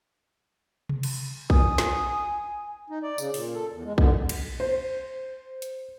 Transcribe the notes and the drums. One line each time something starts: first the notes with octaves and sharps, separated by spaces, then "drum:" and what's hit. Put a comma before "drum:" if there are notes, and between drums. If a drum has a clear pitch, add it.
drum: tom C3
drum: cymbal
G#5 D#6, drum: kick A#1
drum: snare
D#4
D5
C#3, drum: tambourine
A#2, drum: open hi-hat
A4
E2
G#3
D3, drum: kick A#1
drum: cymbal
C5
drum: hi-hat